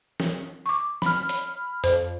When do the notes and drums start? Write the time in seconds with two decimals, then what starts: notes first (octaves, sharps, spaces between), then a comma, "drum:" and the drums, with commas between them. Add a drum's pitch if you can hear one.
0.20 drum: snare
0.66 C#6 D6
1.02 B5 F6, drum: snare
1.29 drum: hi-hat
1.84 F2 C5, drum: hi-hat